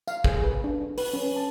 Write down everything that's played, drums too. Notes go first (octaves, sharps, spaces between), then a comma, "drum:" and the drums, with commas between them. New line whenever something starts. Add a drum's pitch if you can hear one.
F5, drum: tambourine
G#4, drum: kick
B4
D4
D4
B4, drum: open hi-hat
C#4
A5